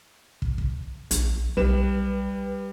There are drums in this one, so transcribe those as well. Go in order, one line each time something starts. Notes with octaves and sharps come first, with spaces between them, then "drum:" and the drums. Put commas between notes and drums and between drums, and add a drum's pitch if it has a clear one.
drum: kick
drum: kick
A#1, drum: hi-hat
B1 G3 B4 E7